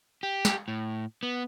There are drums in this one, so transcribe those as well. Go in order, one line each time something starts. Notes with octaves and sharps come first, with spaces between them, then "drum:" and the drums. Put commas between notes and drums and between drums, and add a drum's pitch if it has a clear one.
G4
drum: snare
A2
B3